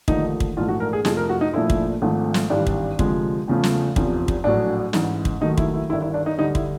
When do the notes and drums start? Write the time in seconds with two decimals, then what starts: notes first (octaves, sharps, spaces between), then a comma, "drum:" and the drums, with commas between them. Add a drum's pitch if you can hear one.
0.08 D#2 D3 F3 A3 D#4, drum: kick
0.40 drum: kick
0.57 A#1 G#2 E3 A3 F4
0.68 F#4
0.80 A#4
0.93 G#4
1.05 F2 C3 F3 A3 G#4, drum: snare
1.17 A#4
1.29 F#4
1.41 D#4
1.53 A#1 A#2 F3 A3 E4
1.70 drum: kick
2.02 G#1 G#2 F3 A3
2.34 drum: snare
2.50 G#1 G2 E3 G3 D4
2.67 drum: kick
2.99 D2 C3 F3 G#3, drum: kick
3.48 E2 C#3 F3 A3
3.64 drum: snare
3.96 F1 E2 C3 F3, drum: kick
4.28 drum: kick
4.44 A#1 A2 F#3 D4
4.93 A1 G#2 E3, drum: snare
5.25 drum: kick
5.41 D#2 D#3 F#3 A3 D#4
5.57 E4, drum: kick
5.74 E4
5.89 G1 G2 D#3 E4
6.02 E4
6.14 D4
6.26 D#4
6.38 D2 D3 G3 D#4
6.55 E4, drum: kick